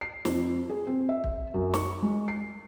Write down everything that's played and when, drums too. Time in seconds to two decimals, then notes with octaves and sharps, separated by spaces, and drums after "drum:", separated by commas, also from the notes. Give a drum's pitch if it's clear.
0.01 C7
0.25 F2, drum: snare
0.70 G#4
0.87 C4
1.09 E5
1.24 drum: kick
1.54 F#2
1.74 C#6, drum: snare
2.02 G#3
2.28 C7